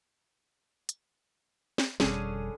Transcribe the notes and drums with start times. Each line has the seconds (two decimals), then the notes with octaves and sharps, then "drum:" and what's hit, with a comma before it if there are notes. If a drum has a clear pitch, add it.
0.89 drum: hi-hat
1.78 drum: snare
2.00 F1 B2 D3 G3 C#4 G#4, drum: snare